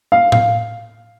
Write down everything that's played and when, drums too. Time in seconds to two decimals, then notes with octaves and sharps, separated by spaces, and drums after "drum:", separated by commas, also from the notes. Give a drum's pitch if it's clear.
0.12 F5
0.32 F5, drum: tom A2